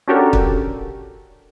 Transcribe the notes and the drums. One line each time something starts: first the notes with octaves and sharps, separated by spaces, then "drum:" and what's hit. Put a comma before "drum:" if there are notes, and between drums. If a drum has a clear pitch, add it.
C#4 D4 F#4 G4 A4 A#4
drum: kick